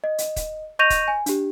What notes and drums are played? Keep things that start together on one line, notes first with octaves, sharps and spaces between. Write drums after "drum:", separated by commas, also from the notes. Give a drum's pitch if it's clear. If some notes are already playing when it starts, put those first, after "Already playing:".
D#5
drum: hi-hat
drum: kick, hi-hat
D#5 C#6 G6 A#6 D#7 F7
drum: kick, hi-hat
G#5
D4 G4, drum: hi-hat